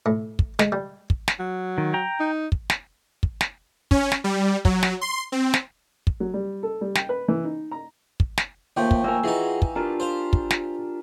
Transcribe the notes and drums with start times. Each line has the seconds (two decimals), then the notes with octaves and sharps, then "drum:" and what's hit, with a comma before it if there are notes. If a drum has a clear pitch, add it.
0.06 A2
0.39 drum: kick
0.59 G#3, drum: snare
0.72 G3
1.10 drum: kick
1.28 drum: snare
1.40 F#3
1.78 D#3
1.94 G5 A#5
2.20 D#4
2.52 drum: kick
2.70 drum: snare
3.23 drum: kick
3.41 drum: snare
3.91 C#4, drum: kick
4.12 drum: snare
4.24 G3
4.65 F#3, drum: kick
4.83 drum: snare
5.01 C6
5.32 C4
5.54 drum: snare
6.07 drum: kick
6.20 F#3
6.34 G3
6.63 A4
6.81 G3
6.95 G5, drum: snare
7.09 B4
7.28 E3
7.44 D#4
7.71 A#5
8.20 drum: kick
8.38 drum: snare
8.77 D#2 F3 A3 G5 C#6
8.91 drum: kick
9.04 A#3 A#4 G#5 E6
9.24 E3 D#4 F4 F#4 G#4
9.62 drum: kick
9.76 D4 F4 G4 A#4
10.00 C5 F5
10.33 drum: kick
10.50 drum: snare